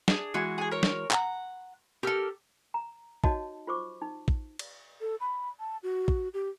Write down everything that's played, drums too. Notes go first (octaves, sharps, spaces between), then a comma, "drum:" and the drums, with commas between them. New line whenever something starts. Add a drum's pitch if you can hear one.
D4 G#4, drum: snare
E3 G#3 F#4
G#4 G#5
A#4 C#5
drum: snare
F#5 A#5, drum: clap
G4 A4 A#4 F6
A#5
D#4 F#4 C#5 D#5 A5, drum: kick
F4 C5 C#6 D6
D#4
drum: kick
drum: cymbal
A4
B5
A5
F#4
drum: kick
G4